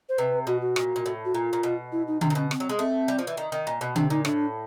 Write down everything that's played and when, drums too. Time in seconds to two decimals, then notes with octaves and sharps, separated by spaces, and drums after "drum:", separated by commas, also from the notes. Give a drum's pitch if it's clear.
0.09 C5
0.18 C3 B4
0.47 B2 F#4
0.61 F#4
0.76 A#2, drum: rim click
0.96 A#2
1.06 A2
1.25 F#4
1.34 A#2 F4
1.53 A#2
1.63 B2
1.92 E4
2.07 D#4
2.21 C3 D4, drum: tom D3
2.30 A#2
2.35 B2 C#4
2.51 C4, drum: rim click
2.60 F#3
2.69 G#3
2.79 A3 C4
3.08 G3
3.19 F3
3.27 E3
3.37 D#3
3.52 D#3
3.67 A#2
3.81 B2
3.95 C3 D4, drum: tom D3
4.10 A#2 D#4
4.25 A2 D4, drum: rim click